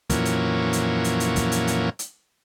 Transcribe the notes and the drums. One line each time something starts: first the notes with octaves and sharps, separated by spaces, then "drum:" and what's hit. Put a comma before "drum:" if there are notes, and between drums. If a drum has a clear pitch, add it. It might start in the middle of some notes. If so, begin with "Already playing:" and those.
F2 A#2 E3 F#3 A#3 C#4, drum: kick, hi-hat
drum: hi-hat
drum: hi-hat
drum: hi-hat
drum: hi-hat
drum: kick, hi-hat
drum: hi-hat
drum: hi-hat
drum: hi-hat